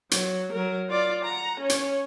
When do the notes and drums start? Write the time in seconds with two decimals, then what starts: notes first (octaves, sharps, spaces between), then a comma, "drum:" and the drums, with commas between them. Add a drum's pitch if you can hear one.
0.11 F#3, drum: hi-hat
0.52 F#3 A#4
0.89 F4 D5
1.25 F#5 A#5
1.60 C#4 C#5
1.69 drum: hi-hat